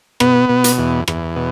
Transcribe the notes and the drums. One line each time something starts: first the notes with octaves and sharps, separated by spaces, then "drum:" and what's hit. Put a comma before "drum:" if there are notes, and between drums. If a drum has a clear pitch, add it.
B2 B3, drum: rim click
B2
drum: hi-hat
E2
E2, drum: rim click
B2